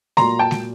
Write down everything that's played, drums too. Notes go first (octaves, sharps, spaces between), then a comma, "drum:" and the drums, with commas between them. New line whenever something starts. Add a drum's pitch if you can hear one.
A#2 F#3 A#3 A#5 C6, drum: snare G#3
G5 A5
drum: snare G#3